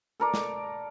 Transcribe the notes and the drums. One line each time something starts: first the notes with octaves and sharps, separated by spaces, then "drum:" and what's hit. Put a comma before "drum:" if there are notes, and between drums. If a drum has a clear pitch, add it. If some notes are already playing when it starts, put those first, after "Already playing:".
A4 A#4 D5
drum: snare